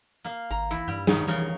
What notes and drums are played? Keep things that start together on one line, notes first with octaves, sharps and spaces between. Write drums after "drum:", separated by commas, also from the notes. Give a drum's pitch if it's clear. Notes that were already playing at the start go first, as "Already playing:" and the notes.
A#3 F5
G#1 A#5
E3 E4
G2 G3 G4
C3 D#3 D#4, drum: snare
C#3 E3 A#4 C#5